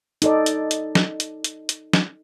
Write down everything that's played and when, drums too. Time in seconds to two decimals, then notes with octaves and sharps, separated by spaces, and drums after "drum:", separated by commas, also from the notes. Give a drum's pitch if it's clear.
0.22 D#4 A4 D5, drum: hi-hat
0.46 drum: hi-hat
0.71 drum: hi-hat
0.95 drum: snare
1.20 drum: hi-hat
1.44 drum: hi-hat
1.69 drum: hi-hat
1.93 drum: snare